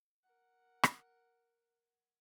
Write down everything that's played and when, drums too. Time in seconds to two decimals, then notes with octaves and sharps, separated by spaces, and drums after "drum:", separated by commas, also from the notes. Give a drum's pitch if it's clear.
0.23 A#4 F#5
0.83 drum: rim click